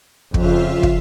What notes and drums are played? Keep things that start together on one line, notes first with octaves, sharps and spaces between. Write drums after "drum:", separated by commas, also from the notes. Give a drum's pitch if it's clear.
F2 C#3 F4 E5 F5, drum: kick
drum: kick